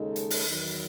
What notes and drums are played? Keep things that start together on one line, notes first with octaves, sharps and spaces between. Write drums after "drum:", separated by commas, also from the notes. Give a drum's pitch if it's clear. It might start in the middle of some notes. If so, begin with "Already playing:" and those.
Already playing: D#2 C#3 G#3 D#4 A4
drum: hi-hat
drum: open hi-hat
E2 D#3 F#3